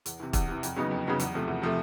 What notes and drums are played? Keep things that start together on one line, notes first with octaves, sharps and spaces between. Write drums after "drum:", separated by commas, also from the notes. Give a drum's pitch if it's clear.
E2, drum: hi-hat
C3 E3
E2, drum: kick, hi-hat
C3 E3
F2, drum: hi-hat
C#3 F#3 B3 D#4
F2
C#3 F#3 B3 D#4
E2, drum: hi-hat
C3 F3 A3
E2
C3 F3 A3